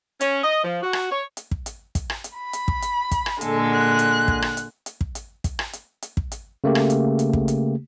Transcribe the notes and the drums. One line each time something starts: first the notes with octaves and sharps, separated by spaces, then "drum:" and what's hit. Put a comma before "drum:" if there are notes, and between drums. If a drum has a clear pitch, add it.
C#4, drum: hi-hat
D#5
F3
F#4
drum: rim click
C#5
drum: hi-hat
drum: kick
drum: hi-hat
drum: kick, hi-hat
drum: rim click
drum: hi-hat
B5
drum: hi-hat
drum: kick
drum: hi-hat
drum: kick, hi-hat
drum: rim click
A#2 D3 G#3 A4, drum: hi-hat
F#6
drum: hi-hat
drum: kick
drum: rim click
drum: hi-hat
drum: hi-hat
drum: kick
drum: hi-hat
drum: kick, hi-hat
drum: rim click
drum: hi-hat
drum: hi-hat
drum: kick
drum: hi-hat
C#3 A3 A#3 G4
drum: rim click
drum: hi-hat
drum: hi-hat
drum: kick
drum: hi-hat